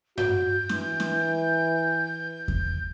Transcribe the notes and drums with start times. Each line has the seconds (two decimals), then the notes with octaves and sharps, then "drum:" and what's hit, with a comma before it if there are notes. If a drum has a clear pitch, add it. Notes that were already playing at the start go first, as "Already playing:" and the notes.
0.18 F#4 G6, drum: tom G2
0.69 E3, drum: snare
1.00 drum: snare
2.48 drum: kick E2